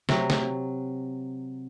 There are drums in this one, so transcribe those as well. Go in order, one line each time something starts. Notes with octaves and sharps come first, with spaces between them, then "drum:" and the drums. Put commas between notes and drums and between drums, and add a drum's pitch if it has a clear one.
C3 F#3, drum: snare
drum: snare